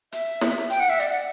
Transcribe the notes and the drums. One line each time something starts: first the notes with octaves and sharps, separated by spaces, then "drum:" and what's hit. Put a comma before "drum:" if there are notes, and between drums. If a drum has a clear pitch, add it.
E5, drum: hi-hat
drum: snare
G5, drum: hi-hat
F#5
E5
D5, drum: hi-hat
F#5